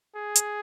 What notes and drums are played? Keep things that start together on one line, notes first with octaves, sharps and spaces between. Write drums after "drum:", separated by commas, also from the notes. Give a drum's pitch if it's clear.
G#4
drum: hi-hat